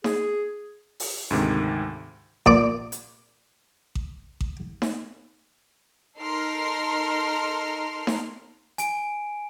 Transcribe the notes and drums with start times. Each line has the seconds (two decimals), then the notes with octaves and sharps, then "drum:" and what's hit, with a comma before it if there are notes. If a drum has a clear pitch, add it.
0.04 G#4, drum: snare D#4
1.00 drum: open hi-hat
1.31 D2 G#2 C3 D#3
2.46 A#2 D5 D6, drum: kick A1
2.92 drum: hi-hat
3.95 drum: kick A1
4.41 drum: kick A1
4.82 drum: snare D#4
6.20 D#4 A4 A#4 C6 F6 C7
8.07 drum: snare D#4
8.78 G#5 D7, drum: hi-hat